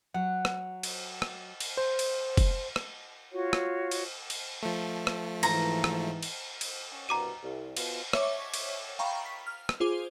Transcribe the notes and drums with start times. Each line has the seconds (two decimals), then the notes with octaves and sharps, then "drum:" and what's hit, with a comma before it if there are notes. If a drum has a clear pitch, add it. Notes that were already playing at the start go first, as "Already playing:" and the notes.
0.14 F#3 F#5
0.45 drum: rim click
0.83 drum: cymbal
1.22 drum: rim click
1.60 drum: cymbal
1.77 C5
1.99 drum: cymbal
2.37 drum: kick, cymbal
2.76 drum: rim click
3.33 F4 F#4 C#5
3.53 drum: rim click
3.91 drum: cymbal
4.30 drum: cymbal
4.63 F3 A3
5.07 drum: rim click
5.43 G#2 E3 A#5, drum: cymbal
5.84 drum: rim click
6.23 drum: cymbal
6.61 drum: cymbal
6.91 C#4
7.09 C2 G2 B2 A#5 D6 D#7
7.43 C2
7.77 B2 F4, drum: cymbal
8.13 C#5 E5 C#6 D6, drum: rim click
8.54 drum: cymbal
8.99 F5 G5 A#5 B5 C#6
9.26 B6
9.47 F6
9.69 drum: rim click
9.80 F4 G#4 C5 D6